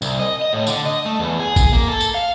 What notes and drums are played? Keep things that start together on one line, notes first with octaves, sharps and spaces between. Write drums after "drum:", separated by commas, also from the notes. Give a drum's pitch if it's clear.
C2, drum: tambourine
D#5
D#5
A2
D3, drum: tambourine
D#5
A3
E2
G#4
drum: kick, tambourine
A#3
A4
drum: tambourine
F5